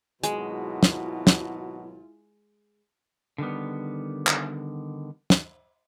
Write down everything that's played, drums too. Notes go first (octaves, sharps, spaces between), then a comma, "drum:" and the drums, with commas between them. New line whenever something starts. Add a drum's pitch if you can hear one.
G#1 B2 F#3 G#3 E4 F4, drum: hi-hat
drum: snare
drum: snare
D3 D#3 G3 B3
drum: clap
drum: snare